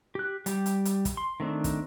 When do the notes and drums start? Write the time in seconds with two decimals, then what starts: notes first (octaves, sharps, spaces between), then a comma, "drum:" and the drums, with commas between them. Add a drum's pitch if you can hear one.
0.15 G4 F#6
0.46 G3 G4, drum: hi-hat
0.66 drum: hi-hat
0.85 drum: hi-hat
1.05 drum: kick, hi-hat
1.17 C6
1.40 D#3 A3 C4 D4
1.64 drum: kick, hi-hat